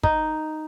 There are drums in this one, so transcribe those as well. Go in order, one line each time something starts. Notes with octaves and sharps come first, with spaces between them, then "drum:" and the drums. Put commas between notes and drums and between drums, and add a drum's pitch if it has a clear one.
D#4, drum: kick